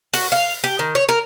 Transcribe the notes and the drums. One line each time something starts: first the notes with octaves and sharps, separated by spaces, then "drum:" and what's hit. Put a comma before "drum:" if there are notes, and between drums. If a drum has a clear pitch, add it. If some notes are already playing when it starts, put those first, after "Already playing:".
F#4, drum: open hi-hat
F5
G4
D#3
C#5
A#4